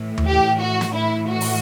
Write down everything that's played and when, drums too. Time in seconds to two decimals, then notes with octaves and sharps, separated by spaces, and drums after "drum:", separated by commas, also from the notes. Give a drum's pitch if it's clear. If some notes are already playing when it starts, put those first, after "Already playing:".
Already playing: A2 E3
0.18 drum: tom D#2
0.27 G4
0.60 F#4
0.81 drum: snare
0.94 A2 E3 E4
1.28 F#4
1.41 drum: open hi-hat